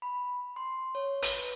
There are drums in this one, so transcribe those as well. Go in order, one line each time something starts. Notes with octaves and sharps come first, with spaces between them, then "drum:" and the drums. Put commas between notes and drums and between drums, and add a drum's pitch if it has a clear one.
B5
C6
C#5
B4, drum: hi-hat